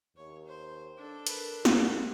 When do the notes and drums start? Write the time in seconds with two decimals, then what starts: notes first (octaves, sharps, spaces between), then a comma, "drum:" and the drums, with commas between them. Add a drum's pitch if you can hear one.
0.16 D#2 C#5
0.46 C5
0.98 D4 A4
1.27 A#4 B4, drum: hi-hat
1.65 G3 F#5, drum: snare